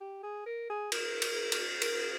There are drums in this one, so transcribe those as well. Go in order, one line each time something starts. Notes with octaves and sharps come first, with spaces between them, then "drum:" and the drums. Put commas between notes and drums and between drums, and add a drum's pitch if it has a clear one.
G4
G#4
A#4
G#4
A#4, drum: cymbal
drum: cymbal
drum: cymbal
A#4, drum: cymbal